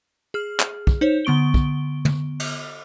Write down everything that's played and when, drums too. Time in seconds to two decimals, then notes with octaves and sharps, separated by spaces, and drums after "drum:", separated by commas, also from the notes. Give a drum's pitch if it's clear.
0.34 G#4 F6
0.60 drum: clap
0.87 drum: kick
1.01 D#4 C5 C#5
1.25 D3 B3 C#6 D7 G7
1.54 drum: kick
2.05 drum: tom
2.40 drum: cymbal